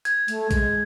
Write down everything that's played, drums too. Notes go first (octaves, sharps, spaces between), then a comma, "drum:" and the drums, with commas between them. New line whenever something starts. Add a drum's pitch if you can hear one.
G#6, drum: hi-hat
A3, drum: hi-hat
G#3, drum: kick, hi-hat